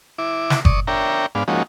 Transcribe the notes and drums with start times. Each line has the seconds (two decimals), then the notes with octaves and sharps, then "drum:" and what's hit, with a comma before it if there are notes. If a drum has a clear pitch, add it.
0.18 E4 D6
0.50 drum: snare
0.65 D5 C#6 D#6, drum: kick F#1
0.87 D4 A#4 C#5 E5 G5 A#5
1.35 G#2 B3 D4 F5
1.48 F3 G#3 A#3 C#4 D#4 F#4